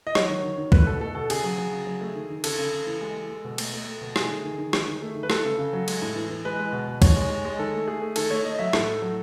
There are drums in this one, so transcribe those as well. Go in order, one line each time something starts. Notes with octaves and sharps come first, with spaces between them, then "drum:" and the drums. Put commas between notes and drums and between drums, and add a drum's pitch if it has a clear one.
D#5
F#3 C#5, drum: rim click
D#3
D#3
D#3
A3 B4, drum: kick
B2 A4
A3 A4
B2 A4
C#3 G#4, drum: cymbal
F#3
F#3
C#3
F#3
A3
D#3
D#3
C#3 A4, drum: cymbal
C#3
C#3
E3
G#3
G#3
G#3
B2
A3, drum: cymbal
A3
A3
B2
A3 G#4, drum: rim click
D#3
D#3
D#3
D#3, drum: rim click
D#3
A3
D#3
B4
A3 A4, drum: rim click
C#3
C#3
F#3
G#3, drum: cymbal
A2
E3
E3
G#3 B4
G#3
B2
B2
D#3 C#5, drum: kick, cymbal
G#3
G#3
G#3
D#3 A4
A3
A3 G#4
A3
D#3 A4, drum: cymbal
A3 C#5
A3 D#5
F#3 E5
A2 A4, drum: rim click
A3
F#3